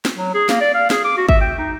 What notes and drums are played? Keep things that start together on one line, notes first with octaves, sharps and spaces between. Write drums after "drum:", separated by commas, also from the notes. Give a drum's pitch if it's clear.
drum: snare
F#3
G#4
A#3, drum: snare
D5
F5
G#4, drum: snare
D6
F#4
E5, drum: kick
G5
D#4